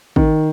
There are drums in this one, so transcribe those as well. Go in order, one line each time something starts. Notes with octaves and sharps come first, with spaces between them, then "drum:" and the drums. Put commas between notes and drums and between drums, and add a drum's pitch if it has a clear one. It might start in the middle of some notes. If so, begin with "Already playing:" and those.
D#3, drum: kick